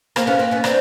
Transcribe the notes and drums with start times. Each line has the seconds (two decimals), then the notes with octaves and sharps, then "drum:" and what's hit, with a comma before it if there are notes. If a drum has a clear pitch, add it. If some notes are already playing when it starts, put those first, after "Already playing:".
0.16 A#3 C4, drum: rim click
0.27 B3 C#4
0.39 A#3 C4
0.51 B3 C#4
0.64 C4 D4, drum: rim click